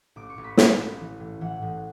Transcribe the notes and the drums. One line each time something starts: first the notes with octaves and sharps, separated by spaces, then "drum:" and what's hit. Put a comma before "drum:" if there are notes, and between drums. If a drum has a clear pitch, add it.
A1 D6
C#6
A1
B5
A1 B5, drum: snare
A1
E3
A2
E3 F#5
A2